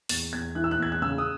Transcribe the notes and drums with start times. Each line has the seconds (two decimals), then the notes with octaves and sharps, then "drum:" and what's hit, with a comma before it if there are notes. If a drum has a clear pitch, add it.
0.09 E2 A6, drum: open hi-hat
0.33 E2 G#6
0.55 E3 F#6
0.64 E6
0.71 F#6
0.78 E2 G#6
0.92 F#6
1.02 C#3 E6
1.18 D#6